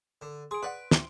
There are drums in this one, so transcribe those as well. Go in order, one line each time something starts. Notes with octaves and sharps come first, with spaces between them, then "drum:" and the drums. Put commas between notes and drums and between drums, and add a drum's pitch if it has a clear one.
D3
G#4 C6 D7
G#4 B4 D5 F#5
E3 G3, drum: snare